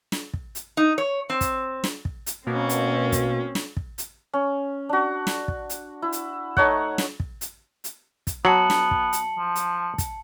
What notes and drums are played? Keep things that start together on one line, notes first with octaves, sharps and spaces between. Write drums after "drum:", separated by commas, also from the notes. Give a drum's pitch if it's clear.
drum: snare
drum: kick
drum: hi-hat
D#4
C#5
C4
drum: kick, hi-hat
drum: snare
drum: kick
drum: hi-hat
B2 A#3 C4 C#4
drum: hi-hat
drum: kick, hi-hat
drum: snare
drum: kick
drum: hi-hat
C#4
D4 F#4
drum: snare
drum: kick
drum: hi-hat
E4
drum: hi-hat
A3 D#4 C#5 F#5, drum: kick
drum: snare
drum: kick
drum: hi-hat
drum: hi-hat
drum: kick, hi-hat
F#3 B3 A5 C#7 F#7
drum: snare
drum: kick
drum: hi-hat
F3
drum: hi-hat
drum: kick, hi-hat